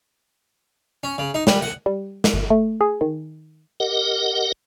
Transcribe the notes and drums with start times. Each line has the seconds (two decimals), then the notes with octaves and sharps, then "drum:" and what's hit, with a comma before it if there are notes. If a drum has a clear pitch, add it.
1.03 C#4
1.18 C#3
1.34 D#4
1.47 G3, drum: snare
1.62 F#5
1.86 G3
2.24 drum: snare
2.33 G1
2.50 A3
2.81 G#4
3.01 D#3
3.80 G4 A#4 D#5 F#5